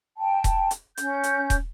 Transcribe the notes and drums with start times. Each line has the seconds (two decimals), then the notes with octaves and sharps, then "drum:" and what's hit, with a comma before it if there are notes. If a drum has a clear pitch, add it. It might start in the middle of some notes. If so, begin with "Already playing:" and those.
0.18 G5 A5
0.44 drum: kick D#1, hi-hat
0.71 drum: hi-hat
0.97 C#4 G6, drum: hi-hat
1.23 drum: hi-hat
1.50 drum: kick D#1, hi-hat